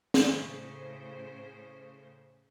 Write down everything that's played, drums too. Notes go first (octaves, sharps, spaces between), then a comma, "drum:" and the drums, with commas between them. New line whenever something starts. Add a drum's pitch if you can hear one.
drum: snare
A2 C#3 C5